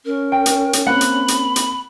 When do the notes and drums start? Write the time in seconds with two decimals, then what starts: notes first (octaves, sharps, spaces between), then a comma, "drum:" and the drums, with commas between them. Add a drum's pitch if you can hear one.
0.06 C#4 A#4
0.32 G5
0.46 drum: hi-hat
0.73 drum: hi-hat
0.86 A#3 C4 F#5 B5
1.01 drum: hi-hat
1.28 drum: hi-hat
1.56 drum: hi-hat